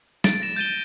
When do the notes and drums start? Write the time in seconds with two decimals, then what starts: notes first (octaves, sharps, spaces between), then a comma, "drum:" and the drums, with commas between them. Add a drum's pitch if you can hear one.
0.24 A6 D7, drum: snare
0.42 A#6 E7
0.56 G6 A6 D#7 G7